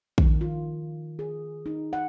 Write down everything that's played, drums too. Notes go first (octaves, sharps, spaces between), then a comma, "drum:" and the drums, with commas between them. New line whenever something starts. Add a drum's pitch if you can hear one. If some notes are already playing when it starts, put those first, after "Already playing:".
D#3, drum: kick
F4
G#4
D#4
F#5